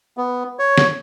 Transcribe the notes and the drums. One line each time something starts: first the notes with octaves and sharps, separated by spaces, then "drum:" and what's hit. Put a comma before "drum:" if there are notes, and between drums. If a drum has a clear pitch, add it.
B3
C#5
drum: snare